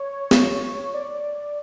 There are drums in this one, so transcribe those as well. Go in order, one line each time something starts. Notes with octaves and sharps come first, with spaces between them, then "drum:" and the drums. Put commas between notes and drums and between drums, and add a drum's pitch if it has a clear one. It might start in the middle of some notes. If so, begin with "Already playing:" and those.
Already playing: C#5
drum: snare
D5